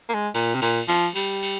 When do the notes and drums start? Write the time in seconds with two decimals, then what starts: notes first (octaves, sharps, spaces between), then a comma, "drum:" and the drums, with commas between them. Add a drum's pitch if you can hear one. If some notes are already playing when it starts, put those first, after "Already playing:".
0.09 A#3
0.14 G#3
0.34 A#2, drum: cymbal
0.55 C3
0.62 A#2, drum: cymbal
0.88 F3, drum: cymbal
1.16 G3, drum: cymbal
1.43 drum: cymbal